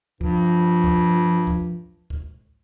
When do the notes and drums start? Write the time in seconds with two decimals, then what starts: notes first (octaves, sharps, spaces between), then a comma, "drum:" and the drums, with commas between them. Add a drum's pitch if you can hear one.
0.21 G2 F3, drum: kick
0.84 drum: kick
1.47 drum: kick
2.10 drum: kick